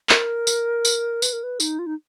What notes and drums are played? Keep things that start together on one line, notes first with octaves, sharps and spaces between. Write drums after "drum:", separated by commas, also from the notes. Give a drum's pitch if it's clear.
A#4, drum: clap
drum: tambourine
drum: tambourine
B4, drum: tambourine
A#4
B4
D#4, drum: tambourine
F4
D#4